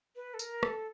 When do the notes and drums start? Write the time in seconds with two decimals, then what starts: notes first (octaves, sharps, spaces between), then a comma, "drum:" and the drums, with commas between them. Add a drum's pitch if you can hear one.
0.16 B4
0.34 A4
0.39 A#4, drum: tambourine
0.63 A4, drum: rim click